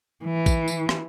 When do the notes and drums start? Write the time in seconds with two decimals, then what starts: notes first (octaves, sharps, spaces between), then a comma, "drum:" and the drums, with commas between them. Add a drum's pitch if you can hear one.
0.25 E3
0.46 drum: kick, tambourine
0.68 drum: tambourine
0.89 drum: rim click